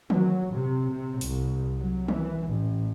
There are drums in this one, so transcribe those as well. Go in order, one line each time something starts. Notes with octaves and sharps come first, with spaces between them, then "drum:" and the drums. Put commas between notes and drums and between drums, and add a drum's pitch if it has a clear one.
F#3, drum: tom D#3
C3
C3
C2, drum: open hi-hat
F#3
E3, drum: tom D#3
A1